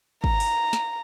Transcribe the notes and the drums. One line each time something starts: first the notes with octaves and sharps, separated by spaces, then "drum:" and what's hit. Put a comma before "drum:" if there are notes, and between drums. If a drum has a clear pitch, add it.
A#5, drum: kick
drum: open hi-hat
drum: snare